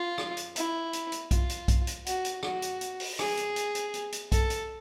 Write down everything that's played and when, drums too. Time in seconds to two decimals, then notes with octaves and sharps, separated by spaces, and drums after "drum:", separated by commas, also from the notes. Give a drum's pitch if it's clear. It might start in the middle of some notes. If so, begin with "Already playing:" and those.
Already playing: F4
0.18 drum: rim click
0.37 drum: hi-hat
0.56 E4, drum: hi-hat
0.93 drum: hi-hat
1.12 drum: hi-hat
1.31 F4, drum: kick, hi-hat
1.49 drum: hi-hat
1.68 drum: kick, hi-hat
1.87 drum: hi-hat
2.06 F#4, drum: hi-hat
2.25 drum: hi-hat
2.43 F#4, drum: rim click
2.62 drum: hi-hat
2.81 drum: hi-hat
3.00 drum: open hi-hat
3.19 G#4, drum: rim click
3.37 drum: hi-hat
3.56 drum: hi-hat
3.75 drum: hi-hat
3.94 drum: hi-hat
4.12 drum: hi-hat
4.32 A4, drum: kick, hi-hat
4.50 drum: hi-hat